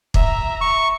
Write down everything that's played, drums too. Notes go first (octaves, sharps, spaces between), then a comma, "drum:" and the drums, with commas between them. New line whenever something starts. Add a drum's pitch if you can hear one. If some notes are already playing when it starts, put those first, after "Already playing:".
E5 A#5, drum: kick
C#6